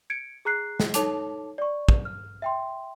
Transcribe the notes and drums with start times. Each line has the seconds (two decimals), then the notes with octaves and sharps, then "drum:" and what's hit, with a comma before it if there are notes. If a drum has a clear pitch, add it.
0.10 G#6 C#7 D7
0.45 G#4 A#5 F#6 C7
0.80 drum: snare
0.94 D#4 A4 C#5 A5 D6 F7, drum: hi-hat
1.58 D5 C#6
1.89 drum: kick
2.05 F6
2.42 E5 G5 C6